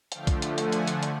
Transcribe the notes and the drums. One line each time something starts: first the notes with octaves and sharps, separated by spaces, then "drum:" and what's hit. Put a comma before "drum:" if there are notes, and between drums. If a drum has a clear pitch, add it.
D3 F3 A3 F5 G5, drum: hi-hat
drum: kick B1, hi-hat
drum: hi-hat
F#5 G#5, drum: hi-hat
drum: hi-hat
drum: hi-hat
drum: hi-hat